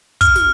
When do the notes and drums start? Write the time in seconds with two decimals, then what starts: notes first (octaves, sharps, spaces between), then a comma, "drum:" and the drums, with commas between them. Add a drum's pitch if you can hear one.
0.21 F6, drum: kick, hi-hat
0.36 drum: snare